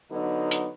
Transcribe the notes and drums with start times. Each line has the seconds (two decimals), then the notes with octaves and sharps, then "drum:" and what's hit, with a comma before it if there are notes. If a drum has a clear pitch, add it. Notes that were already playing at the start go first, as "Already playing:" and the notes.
0.11 D3 F#3 B3 D#4
0.51 drum: hi-hat